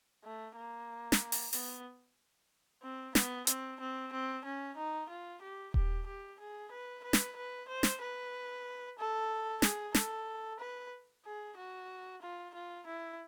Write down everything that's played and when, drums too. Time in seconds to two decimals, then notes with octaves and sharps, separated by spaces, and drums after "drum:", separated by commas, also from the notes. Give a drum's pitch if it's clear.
0.24 A3
0.56 A#3
1.12 drum: snare
1.32 drum: open hi-hat
1.53 B3, drum: open hi-hat
2.83 C4
3.15 B3, drum: snare
3.47 C4, drum: hi-hat
3.80 C4
4.12 C4
4.45 C#4
4.77 D#4
5.09 F4
5.42 G4
5.74 G4, drum: kick D#1
6.06 G4
6.39 G#4
6.71 B4
7.04 B4
7.13 drum: snare
7.36 B4
7.68 C5
7.83 drum: snare
8.01 B4
8.99 A4
9.62 G#4, drum: snare
9.95 A4, drum: snare
10.60 B4
11.25 G#4
11.57 F#4
12.22 F4
12.54 F4
12.86 E4